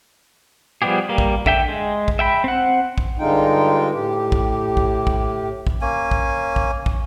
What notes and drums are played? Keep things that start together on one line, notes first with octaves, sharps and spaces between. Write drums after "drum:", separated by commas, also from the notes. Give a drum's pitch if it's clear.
F3 G3 B3 G4 G#4
G3 A#3
drum: kick
D3 E5 G5, drum: kick
G#3
drum: kick
E5 G5 B5
C4 F#5
drum: kick
G2 D3 G#3 D#4 F4 G5
A2 G4
drum: kick
drum: kick
drum: kick
drum: kick
A#3 C#4 G#5
drum: kick
drum: kick
drum: kick